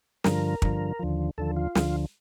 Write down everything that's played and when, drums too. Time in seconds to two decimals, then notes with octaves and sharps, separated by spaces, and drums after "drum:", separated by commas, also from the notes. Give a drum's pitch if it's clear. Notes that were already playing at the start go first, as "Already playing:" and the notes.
0.24 G2 D3 F3 A#4, drum: snare
0.62 G2 D3 F3, drum: kick
0.99 D#2 D3 F3
1.38 D#2 D3 F3 A4
1.57 F4
1.75 D2 D3 F3, drum: snare